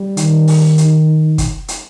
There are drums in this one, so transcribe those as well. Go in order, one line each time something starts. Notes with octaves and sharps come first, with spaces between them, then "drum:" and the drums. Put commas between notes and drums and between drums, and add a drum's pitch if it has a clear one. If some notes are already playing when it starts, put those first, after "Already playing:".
Already playing: G3
D#3, drum: hi-hat
drum: open hi-hat
drum: hi-hat
drum: kick, hi-hat
drum: hi-hat